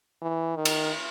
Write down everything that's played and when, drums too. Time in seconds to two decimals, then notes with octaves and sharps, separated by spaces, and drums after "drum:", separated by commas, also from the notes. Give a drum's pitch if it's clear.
0.22 E3
0.55 D#3
0.65 drum: cymbal